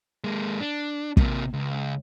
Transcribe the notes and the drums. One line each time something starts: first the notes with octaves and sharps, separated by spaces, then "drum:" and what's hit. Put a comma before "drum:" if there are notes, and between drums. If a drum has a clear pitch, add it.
G#3 A#3
D4
C3 A#3, drum: kick
C#2